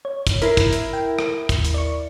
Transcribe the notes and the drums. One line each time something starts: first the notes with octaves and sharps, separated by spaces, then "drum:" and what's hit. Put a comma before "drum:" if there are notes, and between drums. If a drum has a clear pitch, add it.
C#5
drum: kick, hi-hat
E4 A#4 B6 C7, drum: hi-hat
drum: kick, hi-hat
drum: hi-hat
G5
drum: rim click
D#2, drum: kick, hi-hat
drum: hi-hat
D5 C#6